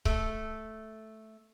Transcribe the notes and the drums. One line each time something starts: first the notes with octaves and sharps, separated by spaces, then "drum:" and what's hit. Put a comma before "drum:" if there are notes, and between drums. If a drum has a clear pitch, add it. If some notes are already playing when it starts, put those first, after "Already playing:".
A3, drum: kick C#1